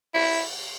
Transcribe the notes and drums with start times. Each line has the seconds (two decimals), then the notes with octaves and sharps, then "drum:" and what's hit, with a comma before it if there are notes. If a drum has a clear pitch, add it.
0.15 E4, drum: cymbal